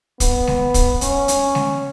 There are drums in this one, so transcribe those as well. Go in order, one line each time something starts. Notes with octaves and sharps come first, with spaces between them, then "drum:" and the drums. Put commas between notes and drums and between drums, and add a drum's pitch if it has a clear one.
B3, drum: kick, hi-hat
drum: snare G#3
drum: kick, hi-hat
C#4, drum: hi-hat
drum: hi-hat
drum: snare G#3